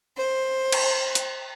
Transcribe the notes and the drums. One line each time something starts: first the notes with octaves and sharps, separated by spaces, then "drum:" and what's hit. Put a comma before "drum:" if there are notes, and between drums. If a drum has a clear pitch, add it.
C5
drum: cymbal
drum: hi-hat